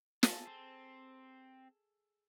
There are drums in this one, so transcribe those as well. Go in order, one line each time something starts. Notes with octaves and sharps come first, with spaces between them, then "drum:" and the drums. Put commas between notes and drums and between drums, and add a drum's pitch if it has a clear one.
G#4 A4, drum: snare
C4